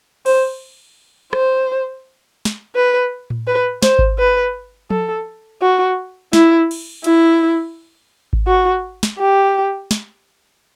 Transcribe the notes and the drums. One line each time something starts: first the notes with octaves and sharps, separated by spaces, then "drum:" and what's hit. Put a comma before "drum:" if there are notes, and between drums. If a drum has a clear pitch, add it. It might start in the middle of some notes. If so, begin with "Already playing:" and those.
C5, drum: cymbal
C5, drum: rim click
drum: snare
B4
drum: tom A2
B4
C5, drum: snare
drum: kick G#1
B4
A4, drum: tom F3
F#4
E4, drum: snare
drum: cymbal
E4, drum: hi-hat
drum: kick G#1
F#4
drum: snare
G4
drum: snare